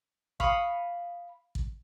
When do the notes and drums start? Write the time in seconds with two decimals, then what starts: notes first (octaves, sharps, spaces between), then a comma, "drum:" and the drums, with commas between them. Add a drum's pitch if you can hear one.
0.40 F5 B5 C#6 D#6, drum: kick
1.55 drum: kick